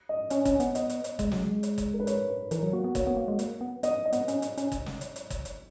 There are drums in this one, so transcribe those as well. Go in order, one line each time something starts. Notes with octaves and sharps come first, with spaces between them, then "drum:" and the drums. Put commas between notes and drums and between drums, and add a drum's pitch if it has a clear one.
D#5
C#4 C#5, drum: hi-hat
C#4, drum: kick, hi-hat
B3, drum: hi-hat
D#5, drum: hi-hat
drum: hi-hat
drum: hi-hat
G#3, drum: kick, hi-hat
F#3, drum: snare
G#3
drum: hi-hat
drum: kick, hi-hat
A#4
B4
C#5, drum: hi-hat
B4
E3 A#4, drum: hi-hat
F#3
A#3 F#4
B3
A#3 C#5, drum: kick, hi-hat
B3
A#3
G#3
A#3, drum: hi-hat
B3
B3 D#5, drum: hi-hat
D#5
B3, drum: hi-hat
C#4, drum: hi-hat
drum: hi-hat
C#4, drum: hi-hat
drum: kick, hi-hat
drum: snare
drum: hi-hat
drum: hi-hat
drum: kick, hi-hat
drum: hi-hat